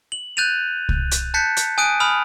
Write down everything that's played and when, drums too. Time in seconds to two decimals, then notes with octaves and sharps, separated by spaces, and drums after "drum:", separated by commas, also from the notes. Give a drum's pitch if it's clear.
0.12 F#7
0.37 F#6 G6 A6 D#7 F7
0.89 drum: kick C2
1.11 drum: hi-hat
1.34 A5 F#6 G6 A6 B6 C#7
1.57 drum: hi-hat
1.78 G#5 D#6 F#6 D7 D#7
2.00 G#5 B5 D#6 F6 F7